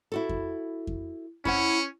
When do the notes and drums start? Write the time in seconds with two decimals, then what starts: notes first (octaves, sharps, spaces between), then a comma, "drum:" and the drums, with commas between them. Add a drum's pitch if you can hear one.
0.12 E4 F#4 A4
0.29 drum: kick F2
0.87 drum: kick F2
1.45 C#4 E4 C5 F#5, drum: kick F2